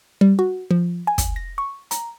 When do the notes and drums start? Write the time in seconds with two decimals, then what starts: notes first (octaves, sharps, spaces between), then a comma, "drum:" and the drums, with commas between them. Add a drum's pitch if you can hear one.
0.21 G3
0.39 F#4
0.71 F3
1.07 G#5
1.18 drum: kick, hi-hat
1.36 A#6
1.58 C#6
1.91 A#5, drum: hi-hat